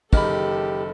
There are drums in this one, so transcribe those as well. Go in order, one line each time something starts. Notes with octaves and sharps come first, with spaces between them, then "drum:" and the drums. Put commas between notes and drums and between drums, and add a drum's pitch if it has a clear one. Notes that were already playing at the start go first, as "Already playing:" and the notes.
F#1 D#3 G4 A4 B5, drum: kick